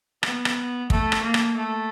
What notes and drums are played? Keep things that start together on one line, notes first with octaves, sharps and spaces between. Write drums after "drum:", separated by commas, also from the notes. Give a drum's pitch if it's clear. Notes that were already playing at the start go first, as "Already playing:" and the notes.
B3, drum: rim click
drum: rim click
A3, drum: kick
drum: rim click
A#3
drum: rim click
A3